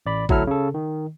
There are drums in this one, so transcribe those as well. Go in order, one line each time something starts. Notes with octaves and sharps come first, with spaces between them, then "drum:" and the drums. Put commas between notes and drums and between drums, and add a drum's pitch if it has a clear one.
A1 D5 B5
D2 F#3 E4 A4 F6, drum: kick
C#3 A4
D#3